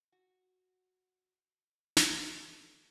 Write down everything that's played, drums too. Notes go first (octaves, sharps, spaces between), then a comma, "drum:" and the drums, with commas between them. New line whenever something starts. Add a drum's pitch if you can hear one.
F#4
drum: snare
F#4
A4